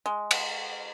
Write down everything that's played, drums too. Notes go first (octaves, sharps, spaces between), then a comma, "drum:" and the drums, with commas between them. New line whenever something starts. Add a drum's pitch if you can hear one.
G#3
drum: cymbal